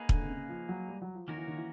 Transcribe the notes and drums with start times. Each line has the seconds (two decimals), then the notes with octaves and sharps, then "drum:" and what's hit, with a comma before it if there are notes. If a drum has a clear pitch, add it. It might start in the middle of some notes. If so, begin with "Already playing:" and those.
Already playing: A#3 D#4 G#4 B4
0.09 D3, drum: kick
0.22 C3
0.29 C#3
0.49 F3
0.69 F#3
0.88 G3
1.02 F#3
1.15 F3
1.28 D#3 A#3 C#4 F#4 A#4 C#5
1.38 E3
1.47 D#3
1.57 E3